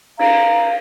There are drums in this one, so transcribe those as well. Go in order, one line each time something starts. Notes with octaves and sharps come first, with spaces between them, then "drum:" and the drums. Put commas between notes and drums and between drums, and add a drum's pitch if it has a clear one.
F5 A#5, drum: cymbal